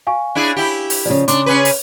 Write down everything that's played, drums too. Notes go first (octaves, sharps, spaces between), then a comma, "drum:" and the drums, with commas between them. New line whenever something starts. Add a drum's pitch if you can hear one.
F5 G#5 C#6
D4 E4 G#4
E4 G4
drum: open hi-hat
C#3 F3 D5
C#3 D4 C6 D6, drum: hi-hat
C#4 G#4 B4
drum: open hi-hat